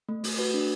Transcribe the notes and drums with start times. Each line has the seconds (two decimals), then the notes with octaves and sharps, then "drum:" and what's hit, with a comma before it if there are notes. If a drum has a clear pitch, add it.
0.09 A3
0.24 A3, drum: open hi-hat
0.39 F#4 B4
0.54 D4